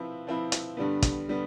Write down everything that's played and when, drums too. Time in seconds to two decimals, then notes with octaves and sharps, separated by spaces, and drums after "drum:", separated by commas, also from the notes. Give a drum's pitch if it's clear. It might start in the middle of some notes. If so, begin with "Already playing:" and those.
Already playing: F3 C4 E4 B4
0.27 F3 C4 E4 B4
0.52 drum: hi-hat
0.77 G2 D3 G3 B3
1.02 drum: kick, hi-hat
1.29 D3 G3 B3